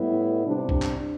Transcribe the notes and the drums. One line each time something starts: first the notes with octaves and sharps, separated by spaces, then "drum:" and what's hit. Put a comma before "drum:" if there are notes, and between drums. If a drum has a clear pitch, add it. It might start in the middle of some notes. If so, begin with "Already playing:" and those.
Already playing: A2 G3 B3 E4
C3 G3 D4
drum: kick B1
drum: clap